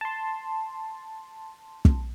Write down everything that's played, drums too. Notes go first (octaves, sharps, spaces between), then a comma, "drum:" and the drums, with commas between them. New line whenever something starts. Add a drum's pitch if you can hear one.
A5 C6
drum: kick